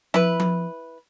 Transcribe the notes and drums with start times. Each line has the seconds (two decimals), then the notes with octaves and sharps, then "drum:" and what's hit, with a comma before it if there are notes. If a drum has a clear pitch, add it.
0.14 E4 B4, drum: tom F3
0.40 drum: tom F3